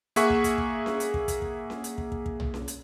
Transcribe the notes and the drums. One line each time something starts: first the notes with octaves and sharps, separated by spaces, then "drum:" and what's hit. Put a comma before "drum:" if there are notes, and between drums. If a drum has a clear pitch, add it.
A#3 G#4 E5 F#5 C#6 B6, drum: hi-hat
drum: kick
drum: kick, hi-hat
drum: kick
drum: snare C#4
drum: hi-hat
drum: kick
drum: kick, hi-hat
drum: kick
drum: snare C#4
drum: hi-hat
drum: kick
drum: kick
drum: kick
drum: tom
drum: snare C#4
drum: hi-hat